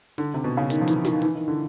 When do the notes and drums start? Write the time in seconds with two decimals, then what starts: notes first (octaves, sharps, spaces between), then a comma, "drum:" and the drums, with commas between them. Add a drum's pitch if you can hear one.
0.18 D3, drum: open hi-hat
0.34 C3
0.44 B2
0.57 C#3
0.70 D#3, drum: hi-hat
0.81 F3
0.88 E3, drum: hi-hat
1.05 D#3, drum: snare
1.22 E3, drum: open hi-hat
1.35 D#3
1.48 D3